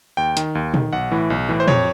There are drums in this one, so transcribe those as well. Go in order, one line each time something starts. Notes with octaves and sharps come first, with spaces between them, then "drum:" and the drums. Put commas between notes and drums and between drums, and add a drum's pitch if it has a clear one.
D#2 G5
D#3, drum: hi-hat
D#2
D#3, drum: tom
B1 F#5
A2 E3
B1
A2 E3
C5
F2 C#5, drum: tom